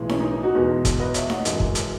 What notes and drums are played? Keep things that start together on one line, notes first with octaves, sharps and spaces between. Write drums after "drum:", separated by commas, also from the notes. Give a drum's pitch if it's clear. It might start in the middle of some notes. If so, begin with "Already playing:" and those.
Already playing: B1 A2 E3 G#3
C#4, drum: snare D#4
D#4
D#4
D#4 F#4
E2 B2 G#3
drum: kick, hi-hat
B4 D#5
C#5 E5, drum: hi-hat
D#5 F#5, drum: snare D#4
G#1 F#2 C#3 E3 G#3, drum: hi-hat
drum: kick
drum: hi-hat